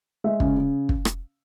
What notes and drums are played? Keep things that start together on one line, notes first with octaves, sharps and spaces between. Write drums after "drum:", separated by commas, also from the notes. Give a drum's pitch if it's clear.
G#3 E5
C#3, drum: kick
C#3
drum: kick
drum: rim click